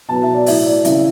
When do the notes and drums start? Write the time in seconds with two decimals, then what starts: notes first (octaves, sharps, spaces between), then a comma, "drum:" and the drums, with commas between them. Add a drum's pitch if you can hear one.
0.09 B2 F#3 A5
0.22 E5
0.34 D5
0.46 A2 F#3 E5, drum: open hi-hat
0.66 D5
0.85 C#3 E3 G3 E5, drum: hi-hat